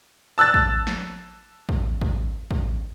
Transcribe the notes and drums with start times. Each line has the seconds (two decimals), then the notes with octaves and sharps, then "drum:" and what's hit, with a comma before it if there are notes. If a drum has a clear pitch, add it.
0.38 A5 E6 F#6 A6
0.54 drum: kick
0.87 drum: snare
1.69 drum: kick
2.01 drum: kick
2.51 drum: kick